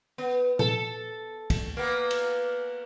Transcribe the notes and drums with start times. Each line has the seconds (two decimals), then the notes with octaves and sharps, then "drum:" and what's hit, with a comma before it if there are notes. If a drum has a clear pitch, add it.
0.18 B3
0.59 A4, drum: tom A#2
1.50 drum: kick, cymbal
1.77 A#3 B3
2.11 drum: cymbal